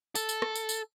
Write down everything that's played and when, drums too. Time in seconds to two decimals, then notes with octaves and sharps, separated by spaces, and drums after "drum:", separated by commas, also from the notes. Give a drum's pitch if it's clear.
0.15 A4, drum: tambourine
0.29 drum: tambourine
0.42 drum: rim click
0.55 drum: tambourine
0.69 drum: tambourine